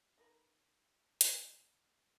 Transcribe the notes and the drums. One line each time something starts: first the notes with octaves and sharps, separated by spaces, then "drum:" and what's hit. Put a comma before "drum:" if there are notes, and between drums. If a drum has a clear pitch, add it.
D#4 A#4 B4
drum: hi-hat